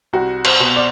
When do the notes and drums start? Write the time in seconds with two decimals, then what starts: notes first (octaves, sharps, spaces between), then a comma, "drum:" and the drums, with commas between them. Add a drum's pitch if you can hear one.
0.13 C2 F#4
0.45 C5, drum: cymbal
0.60 B2
0.76 D5